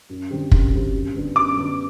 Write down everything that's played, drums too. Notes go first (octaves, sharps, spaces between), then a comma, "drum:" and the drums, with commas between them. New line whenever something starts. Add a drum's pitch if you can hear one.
F#2
D3 G3 C4 G4
F#2, drum: kick
D3 G3 C4 G4
F#2
D3 G3 B3 D4
F#2 D6
D3 G3 B3 D4